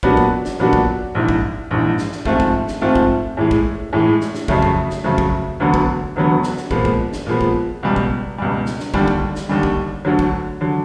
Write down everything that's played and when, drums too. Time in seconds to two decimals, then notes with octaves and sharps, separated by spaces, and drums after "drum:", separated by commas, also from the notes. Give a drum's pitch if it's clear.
0.03 A#2 F#3 B3 D4 F#4, drum: kick
0.17 drum: kick
0.45 drum: snare
0.59 A#2 F#3 B3 D4 F#4
0.73 drum: kick
1.15 A#1 G#2 E3
1.29 drum: kick
1.71 A#1 G#2 E3
1.98 drum: snare
2.12 drum: snare
2.25 G#2 F3 A3 C4 F4, drum: kick
2.40 drum: kick
2.68 drum: snare
2.81 G#2 F3 A3 C4 F4
2.95 drum: kick
3.37 A2 E3 G#3
3.51 drum: kick
3.93 A2 E3 G#3
4.21 drum: snare
4.35 drum: snare
4.48 F2 C#3 F#3 A3, drum: kick
4.62 drum: kick
4.90 drum: snare
5.04 F2 C#3 F#3 A3
5.18 drum: kick
5.60 E1 D2 D3 F#3 B3
5.74 drum: kick
6.16 E1 D2 D3 F#3 B3
6.43 drum: snare
6.57 drum: snare
6.71 A#2 F3 G#3 B3, drum: kick
6.85 drum: kick
7.13 drum: snare
7.27 A#2 F3 G#3 B3
7.41 drum: kick
7.83 C#2 B2 G3
7.96 drum: kick
8.38 C#2 B2 G3
8.66 drum: snare
8.80 drum: snare
8.94 D#2 D3 G3, drum: kick
9.08 drum: kick
9.35 drum: snare
9.49 D#2 D3 G3
9.63 drum: kick
10.05 D2 D3 F#3
10.19 drum: kick
10.61 D3 F#3